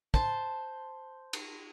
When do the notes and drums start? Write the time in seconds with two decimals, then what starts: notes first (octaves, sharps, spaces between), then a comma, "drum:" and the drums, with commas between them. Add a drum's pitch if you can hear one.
0.14 C5 A5, drum: kick
1.33 drum: cymbal